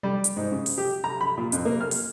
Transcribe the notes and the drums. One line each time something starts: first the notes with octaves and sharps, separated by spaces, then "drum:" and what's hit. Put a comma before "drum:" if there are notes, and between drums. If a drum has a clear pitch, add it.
G3
drum: hi-hat
G#2
C#3
drum: open hi-hat
G4
A#5
B5
A#2
F2, drum: hi-hat
A#3
F6
drum: open hi-hat